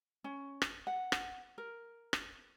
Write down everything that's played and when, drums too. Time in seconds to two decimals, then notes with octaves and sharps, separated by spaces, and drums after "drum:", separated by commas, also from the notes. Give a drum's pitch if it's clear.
0.24 C#4
0.62 drum: rim click
0.87 F#5
1.12 drum: rim click
1.58 A#4
2.13 drum: rim click